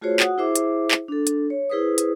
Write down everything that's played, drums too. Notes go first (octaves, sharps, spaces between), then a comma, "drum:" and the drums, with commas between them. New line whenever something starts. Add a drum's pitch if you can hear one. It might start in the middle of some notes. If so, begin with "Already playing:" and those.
A3 F4 F#4 G#4 C5 C#5
F#4 F#5 D#6, drum: clap
E4 G#4 C5 E5 D6
drum: hi-hat
drum: clap
D4 A4
drum: hi-hat
C#5
E4 G#4 B4 C5 D#6
drum: hi-hat